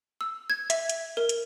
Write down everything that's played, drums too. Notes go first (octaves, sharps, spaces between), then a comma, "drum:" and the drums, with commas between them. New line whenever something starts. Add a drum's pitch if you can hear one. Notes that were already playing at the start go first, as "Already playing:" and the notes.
E6
G#6
E5, drum: hi-hat
drum: hi-hat
A#4
drum: hi-hat